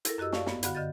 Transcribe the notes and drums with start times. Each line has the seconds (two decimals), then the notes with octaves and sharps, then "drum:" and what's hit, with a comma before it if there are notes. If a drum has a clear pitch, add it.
0.05 E4 A4 A#4, drum: hi-hat
0.18 F#2 F#4 G4 D#5 E6
0.33 D5 F5 A5 C#6, drum: snare
0.46 G2 B3, drum: snare
0.63 D3 F#4 F5 F#5 B5, drum: hi-hat
0.75 D3 D#5 G6 A6